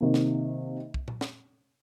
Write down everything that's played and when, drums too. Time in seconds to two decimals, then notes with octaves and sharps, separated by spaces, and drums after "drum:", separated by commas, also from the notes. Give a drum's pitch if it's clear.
0.01 C3 D#3 A#3
0.14 drum: snare
0.94 drum: kick
1.08 drum: tom A#2
1.21 drum: snare